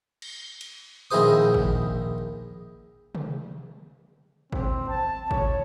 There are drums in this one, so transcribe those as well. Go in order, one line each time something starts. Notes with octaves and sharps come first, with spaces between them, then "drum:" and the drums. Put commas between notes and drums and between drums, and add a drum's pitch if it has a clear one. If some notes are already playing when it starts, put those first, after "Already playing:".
drum: cymbal
drum: cymbal
A#1 D#3 E4 G#4 C5 D#6
drum: kick G#1
drum: tom
C4, drum: kick G#1
A5
C#5, drum: kick G#1